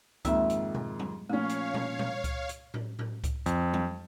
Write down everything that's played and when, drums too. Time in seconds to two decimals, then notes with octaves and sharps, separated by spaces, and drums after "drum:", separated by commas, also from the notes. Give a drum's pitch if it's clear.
0.25 F2 G#2 D#3 A#3 D#4 E5, drum: kick C#2, hi-hat
0.50 drum: hi-hat
0.75 drum: tom B2
0.99 drum: tom F#3
1.30 A#2 F3 A3 C#4 C#5 F5
1.49 drum: hi-hat
1.74 drum: tom A#2
1.99 drum: tom A#2
2.24 drum: kick C#2, hi-hat
2.49 drum: hi-hat
2.74 drum: tom A2
2.99 drum: tom A2
3.24 drum: kick C#2, hi-hat
3.46 F2, drum: hi-hat
3.74 drum: tom F#3